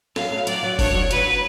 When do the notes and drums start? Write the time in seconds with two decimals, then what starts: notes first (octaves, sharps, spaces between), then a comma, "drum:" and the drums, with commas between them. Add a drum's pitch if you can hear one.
0.16 F#3 F5, drum: snare
0.31 A3
0.47 F#3 D5, drum: hi-hat
0.63 F#3
0.79 D4 C#5, drum: kick F1, open hi-hat
0.95 F#3
1.11 F#3 B4, drum: hi-hat
1.26 F#3